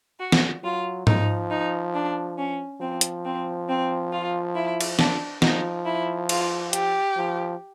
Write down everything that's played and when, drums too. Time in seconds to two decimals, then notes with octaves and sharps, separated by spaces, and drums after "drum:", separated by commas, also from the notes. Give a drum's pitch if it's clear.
0.20 F#4
0.32 drum: snare
0.63 F#3 F4
1.07 F3 D#4, drum: tom G#2
1.50 D#4
1.94 D4
2.38 C#4
2.81 F3 C4
3.01 drum: hi-hat
3.25 C4
3.69 C4
4.12 F4
4.55 E4
4.81 drum: cymbal
4.99 D4, drum: snare
5.42 F3 D#4, drum: snare
5.85 E4
6.29 F4, drum: cymbal
6.73 G4, drum: hi-hat
7.16 F3